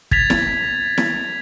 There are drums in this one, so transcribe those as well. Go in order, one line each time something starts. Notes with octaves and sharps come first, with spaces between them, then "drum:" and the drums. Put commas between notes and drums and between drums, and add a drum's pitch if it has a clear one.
G#6 A6 B6 F7, drum: kick
drum: snare E4
drum: snare E4